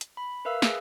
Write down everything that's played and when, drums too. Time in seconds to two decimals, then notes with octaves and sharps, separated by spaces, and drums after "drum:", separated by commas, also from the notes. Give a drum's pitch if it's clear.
0.01 drum: hi-hat
0.17 B5
0.45 A#4 B4 E5 F5 E6
0.62 G#4, drum: snare